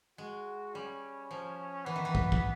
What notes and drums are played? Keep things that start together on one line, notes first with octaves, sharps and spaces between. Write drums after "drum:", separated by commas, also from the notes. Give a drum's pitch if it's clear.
G#3 F#4
G3 C#4
F3
E3 B3
D#3
E3
drum: kick
drum: kick